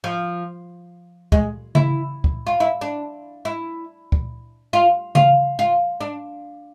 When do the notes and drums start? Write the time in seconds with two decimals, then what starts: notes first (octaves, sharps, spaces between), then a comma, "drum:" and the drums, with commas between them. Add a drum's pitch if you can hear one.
0.04 F3
1.32 G#3, drum: kick C#2
1.75 E4, drum: tom C#3
2.24 drum: kick C#2
2.47 F4
2.60 E4
2.81 D4
3.45 E4
4.12 drum: kick C#2
4.73 F4
5.15 F4, drum: tom C#3
5.59 F4
6.01 D4